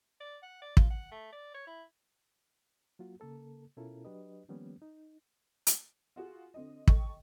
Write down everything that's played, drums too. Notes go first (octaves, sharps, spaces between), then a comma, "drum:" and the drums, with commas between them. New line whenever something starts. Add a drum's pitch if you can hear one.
D5
F#5
D5
F4, drum: kick
F#5
A3
D5
C#5
E4
F#3 A#3 F4 F#4
C#3 A#3 A4 A#4
B2 C#4 E4 F4 A4 A#4
F#3 D4 G4 B4 D#5
D#3 F3 G3 A#3 B3 C#4
D#4
drum: hi-hat
F4 F#4 G#4
D3 C4 D#5
A4 D#5 G5 C#6, drum: kick